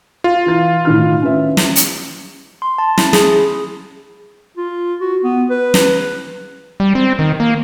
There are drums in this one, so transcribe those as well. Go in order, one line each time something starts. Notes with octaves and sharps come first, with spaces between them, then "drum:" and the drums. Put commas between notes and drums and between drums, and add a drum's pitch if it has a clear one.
F4
E3 A6
A2 D#3 F6
C#4 B4 E5
drum: snare
drum: hi-hat
C6
A5
E4, drum: snare
G#4, drum: snare
F4
F#4
B3
B4
drum: snare
G3
C4
D#3
A#3